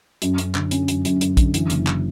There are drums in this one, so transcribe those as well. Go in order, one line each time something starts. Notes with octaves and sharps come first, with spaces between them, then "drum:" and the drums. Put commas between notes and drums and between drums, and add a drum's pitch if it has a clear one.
F#2, drum: hi-hat
F#2, drum: hi-hat
D3, drum: clap
C#4, drum: hi-hat
F#2, drum: hi-hat
F#2, drum: hi-hat
F#2, drum: hi-hat
D3, drum: kick, hi-hat
E3, drum: hi-hat
F#1, drum: hi-hat
drum: clap